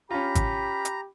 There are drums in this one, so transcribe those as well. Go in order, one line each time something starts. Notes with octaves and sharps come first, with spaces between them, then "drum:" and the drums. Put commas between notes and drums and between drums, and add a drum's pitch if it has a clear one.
C#4 F4 G4 A#5 B5
drum: kick G#1, hi-hat
drum: hi-hat